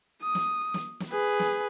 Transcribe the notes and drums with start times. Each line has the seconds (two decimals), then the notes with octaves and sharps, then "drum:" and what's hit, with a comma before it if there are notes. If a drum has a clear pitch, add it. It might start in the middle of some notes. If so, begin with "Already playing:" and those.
0.22 D#6
0.35 drum: snare
0.74 drum: snare
1.00 drum: snare
1.10 G#4 B4
1.40 drum: snare